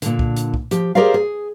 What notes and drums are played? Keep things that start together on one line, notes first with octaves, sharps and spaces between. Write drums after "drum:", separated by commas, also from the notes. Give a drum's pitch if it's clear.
A#2 D3, drum: hi-hat
drum: kick
drum: hi-hat
drum: kick
F3 G4, drum: hi-hat
G4 G#4 A#4 C5 D5 F5
G#4